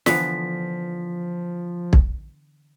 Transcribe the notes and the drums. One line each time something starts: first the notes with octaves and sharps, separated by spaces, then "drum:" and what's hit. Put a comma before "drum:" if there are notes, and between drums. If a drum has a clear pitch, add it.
D3 E3 F3 B3 B6, drum: snare
drum: kick